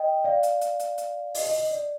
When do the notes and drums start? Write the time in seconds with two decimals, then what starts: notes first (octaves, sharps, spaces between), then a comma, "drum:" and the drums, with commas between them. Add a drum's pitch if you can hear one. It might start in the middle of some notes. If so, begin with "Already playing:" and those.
Already playing: D#5 G5
0.24 D5 F5
0.43 drum: hi-hat
0.61 drum: hi-hat
0.80 drum: hi-hat
0.98 drum: hi-hat
1.34 D#5, drum: open hi-hat
1.46 D#5
1.59 D#5
1.71 D5